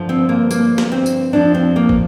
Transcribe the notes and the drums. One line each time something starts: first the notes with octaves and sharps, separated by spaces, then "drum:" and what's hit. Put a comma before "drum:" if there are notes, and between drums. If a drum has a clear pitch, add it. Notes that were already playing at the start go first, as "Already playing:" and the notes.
Already playing: G2 D3 F3
C4
A#3
A#3, drum: tambourine
drum: snare
C4
drum: tambourine
F2 F3 D4
C4
A#3
drum: kick